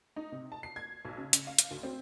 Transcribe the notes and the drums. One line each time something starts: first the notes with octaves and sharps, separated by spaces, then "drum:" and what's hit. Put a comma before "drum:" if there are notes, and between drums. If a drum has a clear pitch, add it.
D#4
C3
A5
C7
G#6
B1
C#3
C#3, drum: hi-hat
F5
drum: hi-hat
D2
C4